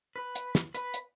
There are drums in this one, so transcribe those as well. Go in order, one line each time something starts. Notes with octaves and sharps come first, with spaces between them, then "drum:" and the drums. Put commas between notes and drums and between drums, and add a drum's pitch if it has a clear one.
B4
drum: hi-hat
drum: snare
B4, drum: hi-hat
drum: hi-hat